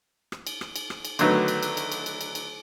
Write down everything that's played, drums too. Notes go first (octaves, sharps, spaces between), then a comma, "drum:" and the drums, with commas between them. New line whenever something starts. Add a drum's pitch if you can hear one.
drum: rim click
drum: cymbal
drum: rim click
drum: cymbal
drum: rim click
drum: cymbal
D3 D#3 F#3 A3 B3, drum: cymbal
drum: cymbal
drum: cymbal
drum: cymbal
drum: cymbal
drum: cymbal
drum: cymbal
drum: cymbal